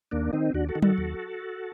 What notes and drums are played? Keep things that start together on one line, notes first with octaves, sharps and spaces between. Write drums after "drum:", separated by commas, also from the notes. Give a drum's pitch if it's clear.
D#2 A#3 D4
D#3 C4 D#4
D#2 D4 F#4
F#4 A4
D#3
F#4 A4, drum: tom F#3
D#2